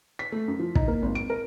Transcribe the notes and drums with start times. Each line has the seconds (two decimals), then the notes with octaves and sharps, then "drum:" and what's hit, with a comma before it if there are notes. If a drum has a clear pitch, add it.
0.19 B6
0.32 A3
0.48 F#2
0.59 F3
0.75 D#4, drum: kick
0.88 A#3
1.02 G#1
1.15 D7
1.30 A#4